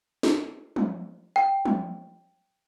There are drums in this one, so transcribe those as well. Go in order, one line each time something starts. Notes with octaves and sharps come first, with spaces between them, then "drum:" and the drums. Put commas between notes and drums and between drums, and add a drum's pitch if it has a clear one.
drum: snare
drum: tom
G5
drum: tom